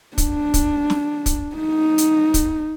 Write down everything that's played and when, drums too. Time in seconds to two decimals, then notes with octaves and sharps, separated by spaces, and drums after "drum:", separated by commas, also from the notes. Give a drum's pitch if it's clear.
0.18 D4, drum: kick, hi-hat
0.54 drum: kick, hi-hat
0.90 drum: snare
1.26 drum: kick, hi-hat
1.56 D#4
1.98 drum: hi-hat
2.34 drum: kick, hi-hat